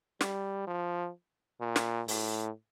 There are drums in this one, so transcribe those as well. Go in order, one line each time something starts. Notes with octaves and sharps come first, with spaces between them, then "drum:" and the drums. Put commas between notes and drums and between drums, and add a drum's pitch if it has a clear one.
G3, drum: snare
F3
A#2
drum: snare
A2, drum: open hi-hat